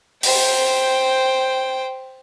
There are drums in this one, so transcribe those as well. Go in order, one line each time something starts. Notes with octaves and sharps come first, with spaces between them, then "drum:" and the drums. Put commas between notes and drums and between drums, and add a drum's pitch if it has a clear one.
C5 G5, drum: open hi-hat